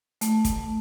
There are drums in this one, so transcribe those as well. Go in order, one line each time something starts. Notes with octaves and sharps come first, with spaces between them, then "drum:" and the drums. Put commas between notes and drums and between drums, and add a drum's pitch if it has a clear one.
A3, drum: hi-hat
drum: kick, hi-hat